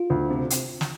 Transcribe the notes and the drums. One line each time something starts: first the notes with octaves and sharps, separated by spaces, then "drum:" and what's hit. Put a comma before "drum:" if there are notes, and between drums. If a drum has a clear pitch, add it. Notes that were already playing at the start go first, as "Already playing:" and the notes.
Already playing: F4
D2
C3
drum: hi-hat
drum: snare